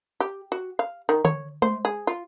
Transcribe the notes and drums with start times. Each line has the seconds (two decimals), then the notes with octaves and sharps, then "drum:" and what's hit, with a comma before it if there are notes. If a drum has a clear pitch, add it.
0.20 G4
0.52 F#4
0.79 F5
1.09 D#3
1.25 C#5, drum: tom D3
1.62 C5, drum: tom G#3
1.85 G#4
2.07 F4